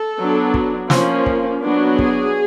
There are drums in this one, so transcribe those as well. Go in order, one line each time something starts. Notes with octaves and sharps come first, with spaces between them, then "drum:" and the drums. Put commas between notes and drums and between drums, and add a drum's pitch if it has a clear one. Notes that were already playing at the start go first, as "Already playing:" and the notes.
Already playing: A4
F#3 B3 D4
drum: kick
F3 A#3 C#4, drum: snare
drum: kick
F#3 B3 D4
G#4, drum: kick